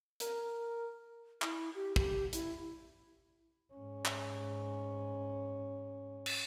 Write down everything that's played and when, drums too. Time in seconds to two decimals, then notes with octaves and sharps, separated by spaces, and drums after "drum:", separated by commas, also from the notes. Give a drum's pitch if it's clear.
0.20 A#4, drum: hi-hat
1.42 E4, drum: clap
1.75 G4
1.96 G4, drum: kick
2.33 E4, drum: hi-hat
3.74 G#2 C#4
4.05 drum: clap
6.26 drum: cymbal